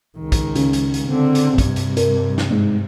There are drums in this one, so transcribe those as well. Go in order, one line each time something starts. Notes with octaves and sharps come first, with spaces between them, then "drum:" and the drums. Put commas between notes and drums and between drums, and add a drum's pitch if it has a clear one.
C#2 D#3
drum: kick, hi-hat
C#3, drum: hi-hat
drum: hi-hat
drum: hi-hat
D3 C4
drum: hi-hat
G2 C3, drum: kick, hi-hat
drum: hi-hat
A#4, drum: hi-hat
drum: snare
G#2